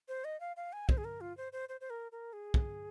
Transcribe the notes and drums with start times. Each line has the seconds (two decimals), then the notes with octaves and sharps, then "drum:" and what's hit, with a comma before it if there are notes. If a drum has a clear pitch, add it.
0.08 C5
0.24 D#5
0.40 F5
0.56 F5
0.73 G#5
0.89 C5, drum: kick
0.98 G#4
1.04 A#4
1.21 F4
1.37 C5
1.53 C5
1.69 C5
1.81 C5
1.90 A#4
2.12 A#4
2.33 G#4
2.54 drum: kick